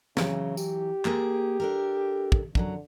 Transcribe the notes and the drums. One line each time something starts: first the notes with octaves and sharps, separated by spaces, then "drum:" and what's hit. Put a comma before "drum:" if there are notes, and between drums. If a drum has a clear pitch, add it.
C#3 E3 F#3, drum: snare
G4, drum: tambourine
A#3 G#4, drum: clap
D4 A4 A#4
drum: kick
F#2 D3 E3 F#3, drum: kick